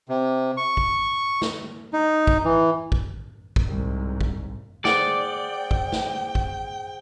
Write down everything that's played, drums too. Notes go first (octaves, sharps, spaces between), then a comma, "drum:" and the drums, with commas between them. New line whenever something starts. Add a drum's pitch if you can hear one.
C3
C#6
drum: kick
drum: snare
D#4
drum: kick
E3
drum: kick
drum: kick
C2 G#2
drum: kick
G#4 C5 D5 F#5 G5, drum: snare
drum: kick
drum: snare
drum: kick